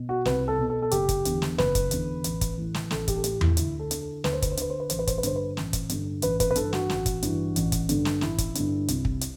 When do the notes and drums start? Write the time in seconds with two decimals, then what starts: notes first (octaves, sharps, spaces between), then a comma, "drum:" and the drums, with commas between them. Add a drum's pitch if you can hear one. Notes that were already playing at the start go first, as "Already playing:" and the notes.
Already playing: B2
0.09 F#4
0.25 C2 B4, drum: snare
0.48 A4
0.58 B2
0.70 A4
0.82 A4
0.91 F#1 G4, drum: hi-hat
1.09 drum: kick, hi-hat
1.25 E2 D3, drum: hi-hat
1.42 drum: snare
1.58 F#1 B4, drum: snare
1.75 drum: kick, hi-hat
1.91 E2 D3, drum: hi-hat
2.24 A1, drum: hi-hat
2.41 drum: kick, hi-hat
2.58 A2 E3
2.74 drum: snare
2.91 A1 A4, drum: snare
3.08 G4, drum: kick, hi-hat
3.16 A4
3.24 A2 E3 G4, drum: hi-hat
3.41 E4, drum: tom E2
3.57 D2 E4, drum: hi-hat
3.79 A4
3.91 D3, drum: hi-hat
4.01 A4
4.24 D2 B4, drum: snare
4.33 C5
4.42 B4, drum: kick, hi-hat
4.52 C5
4.57 D3 B4, drum: hi-hat
4.70 C5
4.80 B4
4.90 A1 C5, drum: hi-hat
4.99 B4
5.07 C5, drum: kick, hi-hat
5.18 B4
5.23 G2 D3 C5, drum: hi-hat
5.36 B4
5.57 A1, drum: snare
5.73 drum: kick, hi-hat
5.89 G2 D3, drum: hi-hat
6.22 A1 B4, drum: hi-hat
6.40 B4, drum: kick, hi-hat
6.51 B4
6.56 G2 E3 A4, drum: hi-hat
6.73 F#4, drum: snare
6.90 A1, drum: snare
7.06 drum: kick, hi-hat
7.23 G2 E3, drum: hi-hat
7.56 A1, drum: hi-hat
7.72 drum: kick, hi-hat
7.89 G2 D3, drum: hi-hat
8.05 drum: snare
8.21 A1 E4, drum: snare
8.38 drum: kick, hi-hat
8.55 G2 D3, drum: hi-hat
8.88 C2, drum: hi-hat
9.05 drum: kick
9.21 drum: hi-hat